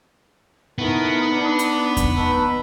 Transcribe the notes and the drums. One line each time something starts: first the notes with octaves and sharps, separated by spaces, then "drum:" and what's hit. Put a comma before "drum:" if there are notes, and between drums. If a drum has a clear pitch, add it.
A3 B3 D#4 E4 A#4 B4 B5
D4
drum: hi-hat
drum: kick E2, hi-hat
D#4 B4 A5 C#6 E6